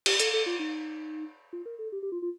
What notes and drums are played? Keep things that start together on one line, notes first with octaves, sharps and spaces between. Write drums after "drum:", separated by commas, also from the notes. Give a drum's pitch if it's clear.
G4, drum: cymbal
A4, drum: hi-hat
A4
F4
D#4
F4
A#4
A4
G4
G4
F4
F4